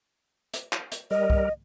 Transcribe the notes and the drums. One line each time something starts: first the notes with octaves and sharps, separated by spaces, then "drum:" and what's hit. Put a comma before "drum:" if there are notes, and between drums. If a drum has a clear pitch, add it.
drum: hi-hat
drum: clap
drum: hi-hat
G3 A#4 D#5
drum: kick